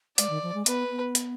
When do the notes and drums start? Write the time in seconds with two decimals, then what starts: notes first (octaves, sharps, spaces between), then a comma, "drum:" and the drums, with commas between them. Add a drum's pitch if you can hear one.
0.18 G#3 D5, drum: hi-hat
0.29 D#3
0.43 F3
0.54 G#3
0.66 B3 B4, drum: hi-hat
0.90 B3
1.15 drum: hi-hat